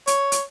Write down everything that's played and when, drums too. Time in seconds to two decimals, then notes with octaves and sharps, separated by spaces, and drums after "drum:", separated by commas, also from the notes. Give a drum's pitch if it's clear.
0.07 C#5, drum: hi-hat
0.32 drum: hi-hat